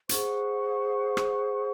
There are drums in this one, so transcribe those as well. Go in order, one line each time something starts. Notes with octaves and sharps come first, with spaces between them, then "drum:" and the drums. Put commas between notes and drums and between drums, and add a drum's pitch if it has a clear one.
G#4 C5 F#5 C#6, drum: hi-hat
drum: rim click